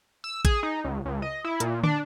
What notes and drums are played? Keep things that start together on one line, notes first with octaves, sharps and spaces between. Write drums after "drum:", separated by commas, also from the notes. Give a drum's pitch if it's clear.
E6
G#4, drum: kick A1, hi-hat
D#4
C#2
C#2
D#5
E4
A#2, drum: hi-hat
D4, drum: tom